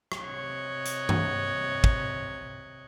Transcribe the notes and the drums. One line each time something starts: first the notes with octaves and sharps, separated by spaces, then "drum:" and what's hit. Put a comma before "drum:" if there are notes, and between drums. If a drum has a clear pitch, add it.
drum: rim click
C3 C#5 D#5 F#6 G#6
drum: hi-hat
drum: tom
drum: kick